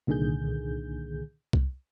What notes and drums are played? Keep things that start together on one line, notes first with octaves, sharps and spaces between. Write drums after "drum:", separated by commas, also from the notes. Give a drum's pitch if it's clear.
C2 A#2 D3 D#3 G#4 G6
drum: kick C2